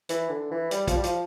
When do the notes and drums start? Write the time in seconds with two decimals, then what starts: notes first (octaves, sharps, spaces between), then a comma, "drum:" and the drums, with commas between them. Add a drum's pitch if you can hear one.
0.09 E3, drum: hi-hat
0.30 D3
0.51 E3
0.71 G3, drum: hi-hat
0.88 F3, drum: kick, hi-hat
0.96 G3
1.04 F3, drum: hi-hat